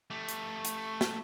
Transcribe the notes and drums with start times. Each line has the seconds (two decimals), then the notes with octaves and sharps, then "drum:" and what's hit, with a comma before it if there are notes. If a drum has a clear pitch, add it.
0.10 A3 G4
0.29 drum: hi-hat
0.65 drum: hi-hat
1.01 drum: snare